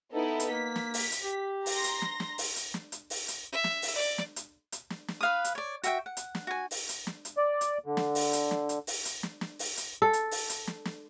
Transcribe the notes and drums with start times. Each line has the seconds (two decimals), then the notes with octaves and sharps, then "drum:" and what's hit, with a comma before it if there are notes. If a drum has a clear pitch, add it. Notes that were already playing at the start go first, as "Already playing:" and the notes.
0.12 B3 D#4 E4 A4
0.40 drum: hi-hat
0.51 A#3 B6
0.76 drum: snare
0.94 drum: open hi-hat
1.12 drum: hi-hat
1.21 G4
1.66 A#5 C6 A#6, drum: open hi-hat
1.84 drum: hi-hat
2.02 drum: snare
2.20 drum: snare
2.38 drum: open hi-hat
2.56 drum: hi-hat
2.74 drum: snare
2.92 drum: hi-hat
3.10 drum: open hi-hat
3.28 drum: hi-hat
3.52 E5
3.64 drum: snare
3.82 drum: open hi-hat
3.95 D5
4.18 drum: snare
4.36 drum: hi-hat
4.72 drum: hi-hat
4.90 drum: snare
5.08 drum: snare
5.21 B4 F5 D#6
5.44 drum: hi-hat
5.55 C#5 D5
5.83 F#4 E5 G5, drum: hi-hat
6.06 F#5
6.17 drum: hi-hat
6.35 drum: snare
6.47 F#4 G#5
6.71 drum: open hi-hat
6.89 drum: hi-hat
7.07 drum: snare
7.25 drum: hi-hat
7.37 D5
7.61 drum: hi-hat
7.86 D3
7.97 drum: snare
8.15 drum: open hi-hat
8.33 drum: hi-hat
8.51 drum: snare
8.69 drum: hi-hat
8.87 drum: open hi-hat
9.05 drum: hi-hat
9.23 drum: snare
9.41 drum: snare
9.59 drum: open hi-hat
9.77 drum: hi-hat
10.02 A4
10.13 drum: hi-hat
10.31 drum: open hi-hat
10.49 drum: hi-hat
10.67 drum: snare
10.85 drum: snare